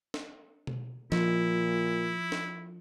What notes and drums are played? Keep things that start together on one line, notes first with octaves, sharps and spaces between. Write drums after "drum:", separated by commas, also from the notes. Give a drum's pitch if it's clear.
drum: snare
drum: tom B2
A#2 F3 E4, drum: snare
drum: snare